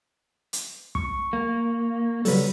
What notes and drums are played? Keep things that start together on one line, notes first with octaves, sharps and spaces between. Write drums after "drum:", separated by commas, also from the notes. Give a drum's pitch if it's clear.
drum: hi-hat
C#6, drum: kick
A#3
C#3 F#3 G3 A4 B4, drum: open hi-hat